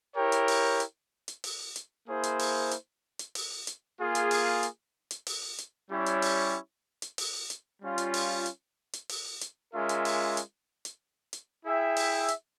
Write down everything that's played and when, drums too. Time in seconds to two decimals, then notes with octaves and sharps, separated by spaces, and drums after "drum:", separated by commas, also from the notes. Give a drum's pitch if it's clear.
0.16 E4 G4 A#4 C#5 G5
0.32 drum: hi-hat
0.48 drum: open hi-hat
0.80 drum: hi-hat
1.28 drum: hi-hat
1.44 drum: open hi-hat
1.76 drum: hi-hat
2.07 A#3 E4 G#4 C5
2.23 drum: hi-hat
2.39 drum: open hi-hat
2.71 drum: hi-hat
3.19 drum: hi-hat
3.35 drum: open hi-hat
3.67 drum: hi-hat
3.99 A#3 F4 G#4
4.15 drum: hi-hat
4.31 drum: open hi-hat
4.63 drum: hi-hat
5.11 drum: hi-hat
5.27 drum: open hi-hat
5.58 drum: hi-hat
5.90 G3 C#4 E4 G4 C#5
6.06 drum: hi-hat
6.22 drum: open hi-hat
7.02 drum: hi-hat
7.18 drum: open hi-hat
7.50 drum: hi-hat
7.81 G3 C#4 F4
7.98 drum: hi-hat
8.14 drum: open hi-hat
8.46 drum: hi-hat
8.93 drum: hi-hat
9.09 drum: open hi-hat
9.41 drum: hi-hat
9.73 G#3 C#4 F4 A#4 E5
9.89 drum: hi-hat
10.05 drum: open hi-hat
10.37 drum: hi-hat
10.85 drum: hi-hat
11.33 drum: hi-hat
11.65 E4 G#4 E5 G5
11.96 drum: open hi-hat
12.28 drum: hi-hat